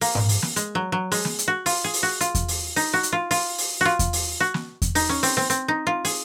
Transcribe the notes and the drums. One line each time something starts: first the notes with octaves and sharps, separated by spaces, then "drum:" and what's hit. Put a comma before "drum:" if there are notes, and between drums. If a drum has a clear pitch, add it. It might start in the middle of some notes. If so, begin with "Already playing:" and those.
A#3, drum: open hi-hat
drum: tom G#2
drum: open hi-hat
drum: snare
G#3, drum: hi-hat
F#3
F#3
G#3, drum: open hi-hat
drum: snare
drum: hi-hat
F#4
F4, drum: open hi-hat
G#4
drum: open hi-hat
F#4
F4, drum: hi-hat
drum: kick E2, hi-hat
drum: open hi-hat
D#4, drum: open hi-hat
F#4
drum: hi-hat
F4
F4, drum: open hi-hat
drum: open hi-hat
F4 F#4
drum: kick E2, hi-hat
drum: open hi-hat
F#4
drum: snare
drum: kick E2, hi-hat
D#4, drum: open hi-hat
C#4
C4, drum: open hi-hat
C4, drum: snare
C4, drum: hi-hat
D#4
F4
G#4, drum: open hi-hat